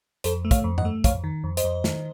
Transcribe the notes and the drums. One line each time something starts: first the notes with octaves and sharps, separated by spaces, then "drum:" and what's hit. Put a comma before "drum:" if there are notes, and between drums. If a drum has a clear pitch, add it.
F2 A4 C5, drum: hi-hat
A3
C#5 F5, drum: kick, hi-hat
F2
D#5 F#5, drum: tom G2
A3
F2 C#5 F5, drum: kick, hi-hat
D#3
F2
C5 D#5, drum: hi-hat
F2
D#3, drum: snare